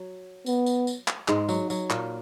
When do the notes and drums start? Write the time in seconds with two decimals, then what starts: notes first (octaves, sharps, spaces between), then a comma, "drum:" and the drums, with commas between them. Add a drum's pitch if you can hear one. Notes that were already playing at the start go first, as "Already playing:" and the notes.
Already playing: F#3
0.46 B3, drum: tambourine
0.66 drum: tambourine
0.87 drum: tambourine
1.08 drum: clap
1.28 G#2 G#3, drum: clap
1.49 F#3, drum: tambourine
1.70 F#3, drum: tambourine
1.90 A#2 A#3, drum: clap